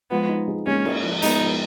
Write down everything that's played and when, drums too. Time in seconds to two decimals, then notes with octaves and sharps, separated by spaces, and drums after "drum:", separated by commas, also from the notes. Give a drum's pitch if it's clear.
0.11 F3 G#3 B3
0.29 D#4
0.48 G#3
0.66 G#3 A#3 C#4
0.85 G#3, drum: cymbal
1.03 F3
1.22 G#3 B3 D#4, drum: hi-hat
1.41 F3